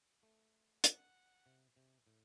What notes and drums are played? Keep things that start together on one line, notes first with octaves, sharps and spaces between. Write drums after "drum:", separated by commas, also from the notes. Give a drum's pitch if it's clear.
A3
F#5, drum: hi-hat
C3
C3
A2